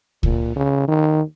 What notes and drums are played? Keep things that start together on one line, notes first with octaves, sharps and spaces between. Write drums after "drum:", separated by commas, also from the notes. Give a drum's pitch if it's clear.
A#2, drum: kick C#2
C#3
D#3